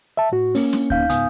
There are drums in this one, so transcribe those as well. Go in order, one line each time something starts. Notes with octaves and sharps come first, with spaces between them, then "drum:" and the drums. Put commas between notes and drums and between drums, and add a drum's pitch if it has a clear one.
E5 A5
A2 F#4
A#3 C#4, drum: open hi-hat
drum: snare
D#4 F5 G6, drum: kick D2
C#2 G#2 B3 G#5 D#6, drum: hi-hat